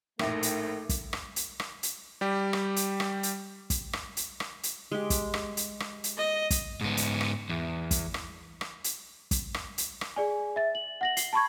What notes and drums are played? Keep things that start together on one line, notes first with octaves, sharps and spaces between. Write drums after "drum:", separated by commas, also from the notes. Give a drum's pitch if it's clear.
A#1 A2 A3 D#4 A#4 E5 D6, drum: rim click
drum: hi-hat
drum: kick, hi-hat
drum: rim click
drum: hi-hat
drum: rim click
drum: hi-hat
G3 G4
drum: rim click
drum: hi-hat
drum: rim click
drum: hi-hat
drum: kick, hi-hat
drum: rim click
drum: hi-hat
drum: rim click
drum: hi-hat
G#3 G4
drum: kick, hi-hat
drum: rim click
drum: hi-hat
drum: rim click
drum: hi-hat
D#5
drum: kick, hi-hat
G#2 B3
drum: hi-hat
drum: rim click
E2
drum: kick, hi-hat
drum: rim click
drum: rim click
drum: hi-hat
drum: kick, hi-hat
drum: rim click
drum: hi-hat
drum: rim click
G#4 D5 G#5
E5 A6
F#7
F#5 A#6 F#7
C7 G7, drum: hi-hat
A5 B5 C#6 G#6